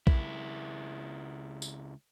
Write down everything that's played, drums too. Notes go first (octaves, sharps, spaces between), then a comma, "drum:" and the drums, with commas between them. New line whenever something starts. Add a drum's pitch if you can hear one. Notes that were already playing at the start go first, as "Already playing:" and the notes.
C#2 E4, drum: kick A#1
drum: tambourine